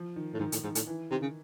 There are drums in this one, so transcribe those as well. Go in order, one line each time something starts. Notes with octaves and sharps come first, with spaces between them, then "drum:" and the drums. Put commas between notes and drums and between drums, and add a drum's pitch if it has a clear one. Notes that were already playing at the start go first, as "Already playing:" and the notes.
Already playing: F3
D#3
A2
G#2 D#3
A2, drum: hi-hat
G#2 D#3
A2, drum: hi-hat
E3
C3 D#3
C#3